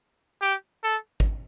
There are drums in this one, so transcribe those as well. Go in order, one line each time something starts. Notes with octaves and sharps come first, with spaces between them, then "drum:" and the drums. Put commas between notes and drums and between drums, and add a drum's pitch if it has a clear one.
G4
A4
drum: kick